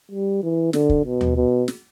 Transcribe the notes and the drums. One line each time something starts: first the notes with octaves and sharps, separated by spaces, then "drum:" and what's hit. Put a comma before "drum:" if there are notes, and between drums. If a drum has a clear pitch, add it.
G3
E3
D3, drum: snare
drum: kick
B2
drum: tom D#2
B2
drum: snare